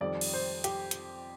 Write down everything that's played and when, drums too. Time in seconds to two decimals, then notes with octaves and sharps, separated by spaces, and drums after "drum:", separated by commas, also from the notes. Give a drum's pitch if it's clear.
0.01 F2 D#3 G3 D5
0.21 drum: cymbal
0.33 C5
0.64 G4, drum: hi-hat
0.91 drum: hi-hat